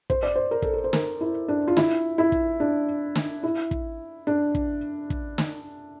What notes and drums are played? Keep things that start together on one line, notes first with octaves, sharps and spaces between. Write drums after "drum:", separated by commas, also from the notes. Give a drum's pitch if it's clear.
C5, drum: kick
D5
C5
A#4
A4, drum: kick
A#4
C5
A#4, drum: snare
E4
D4
F4
E4, drum: snare
E4
drum: kick
D4
drum: snare
E4
drum: kick
D4
drum: kick
drum: kick
drum: snare